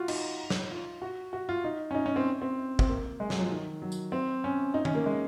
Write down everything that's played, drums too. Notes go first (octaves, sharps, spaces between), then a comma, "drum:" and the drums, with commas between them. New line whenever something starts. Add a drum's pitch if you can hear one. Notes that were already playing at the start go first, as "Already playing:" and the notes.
Already playing: F4 F#4
D#4, drum: cymbal
drum: snare
F4
F#4
F#4
F4
D#4
C#4
D#4
C#4
C4
C4
C4, drum: kick
A#3
G#3
F#3, drum: snare
F3
D#3
F#3
drum: tambourine
C4
C#4
D#4
C#4, drum: tom D#3
A#3
G#3